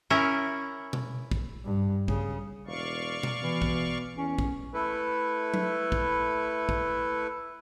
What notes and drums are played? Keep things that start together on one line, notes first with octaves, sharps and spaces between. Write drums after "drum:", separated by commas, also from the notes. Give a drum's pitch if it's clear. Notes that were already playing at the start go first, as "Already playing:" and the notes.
C#4 E4 A#4
drum: tom B2
drum: kick
G2
C#3, drum: kick
E1 D5 F5 C#6
drum: tom B2
B2 E3
drum: kick
E2 C#4
drum: kick
A3 E4 A4 B4
drum: tom F#3
drum: kick
drum: kick